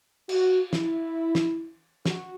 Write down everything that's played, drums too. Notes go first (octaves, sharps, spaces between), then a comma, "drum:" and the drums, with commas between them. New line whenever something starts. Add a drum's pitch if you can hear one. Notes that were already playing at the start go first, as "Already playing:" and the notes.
F#4, drum: cymbal
E4, drum: snare
drum: snare
F#4, drum: snare